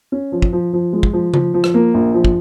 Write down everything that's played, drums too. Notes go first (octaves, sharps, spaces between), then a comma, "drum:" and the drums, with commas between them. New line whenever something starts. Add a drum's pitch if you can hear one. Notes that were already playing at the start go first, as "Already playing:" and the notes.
C#4
F3
drum: kick
F3
F3
G#3
drum: kick
F3
F3, drum: tom C#3
F3
drum: rim click
A#3
A#1
F3
drum: kick